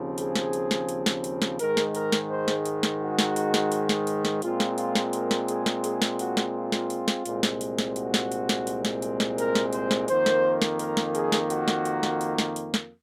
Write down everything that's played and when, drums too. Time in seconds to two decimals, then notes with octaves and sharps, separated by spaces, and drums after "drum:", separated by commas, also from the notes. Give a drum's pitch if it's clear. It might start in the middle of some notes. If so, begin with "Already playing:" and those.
Already playing: D#2 C#3 F3 C4
0.18 G#4, drum: hi-hat
0.36 drum: snare
0.53 drum: hi-hat
0.71 drum: snare
0.89 drum: hi-hat
1.06 drum: snare
1.24 drum: hi-hat
1.42 drum: snare
1.59 G#2 D#3 G#3 A#4, drum: hi-hat
1.77 drum: snare
1.95 A#4, drum: hi-hat
2.12 drum: snare
2.30 C5
2.48 drum: snare
2.65 drum: hi-hat
2.83 drum: snare
3.01 F#4
3.19 drum: snare
3.36 drum: hi-hat
3.54 drum: snare
3.72 drum: hi-hat
3.89 drum: snare
4.07 drum: hi-hat
4.25 drum: snare
4.42 A#2 G#3 C4 F4, drum: hi-hat
4.60 drum: snare
4.78 F4, drum: hi-hat
4.95 drum: snare
5.13 A#4, drum: hi-hat
5.31 drum: snare
5.48 G#4, drum: hi-hat
5.66 drum: snare
5.84 G#4, drum: hi-hat
6.02 drum: snare
6.19 F#4, drum: hi-hat
6.37 drum: snare
6.55 F4
6.72 drum: snare
6.90 drum: hi-hat
7.08 drum: snare
7.25 C2 A#2 G#3 C4, drum: hi-hat
7.43 drum: snare
7.61 drum: hi-hat
7.79 drum: snare
7.96 F#4, drum: hi-hat
8.14 drum: snare
8.32 drum: hi-hat
8.49 drum: snare
8.67 drum: hi-hat
8.85 drum: snare
9.02 drum: hi-hat
9.20 drum: snare
9.38 A#4, drum: hi-hat
9.55 drum: snare
9.73 C5, drum: hi-hat
9.91 drum: snare
10.08 F2 D#3 A#3 C5, drum: hi-hat
10.26 drum: snare
10.62 drum: snare
10.79 A#4, drum: hi-hat
10.97 drum: snare
11.15 G#4, drum: hi-hat
11.32 drum: snare
11.50 F#4, drum: hi-hat
11.68 drum: snare
11.85 drum: hi-hat
12.03 drum: snare
12.21 drum: hi-hat
12.38 drum: snare
12.56 drum: hi-hat
12.74 drum: snare